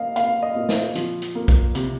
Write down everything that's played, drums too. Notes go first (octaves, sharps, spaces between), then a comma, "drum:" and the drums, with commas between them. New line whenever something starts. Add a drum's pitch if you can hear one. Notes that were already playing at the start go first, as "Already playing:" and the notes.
Already playing: A#3 D#5 F5
A#3 F5, drum: hi-hat
D#5
A#2
C5, drum: snare
F3, drum: hi-hat
drum: hi-hat
A#3
drum: kick, hi-hat
C3, drum: hi-hat